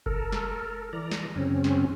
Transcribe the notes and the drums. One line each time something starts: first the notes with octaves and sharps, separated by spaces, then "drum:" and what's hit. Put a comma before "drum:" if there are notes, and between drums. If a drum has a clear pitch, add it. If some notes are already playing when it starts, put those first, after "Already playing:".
A4 A#4, drum: kick F#1
drum: snare
E3 D5 A#5
drum: snare
F#2 C#3 C4 C#4
drum: snare